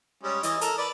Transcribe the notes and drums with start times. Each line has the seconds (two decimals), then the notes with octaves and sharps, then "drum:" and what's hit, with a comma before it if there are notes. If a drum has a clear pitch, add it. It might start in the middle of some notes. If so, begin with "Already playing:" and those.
0.23 G3 G#3 C#4
0.43 E3 D#5, drum: hi-hat
0.61 A4 A#4, drum: hi-hat
0.78 B4 D5